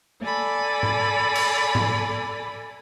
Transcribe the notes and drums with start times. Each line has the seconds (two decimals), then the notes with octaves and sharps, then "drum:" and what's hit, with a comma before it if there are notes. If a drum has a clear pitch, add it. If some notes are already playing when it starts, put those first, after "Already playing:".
0.22 A4 D5 G#5 B5
0.83 drum: tom G#2
1.35 drum: cymbal
1.75 drum: tom G#2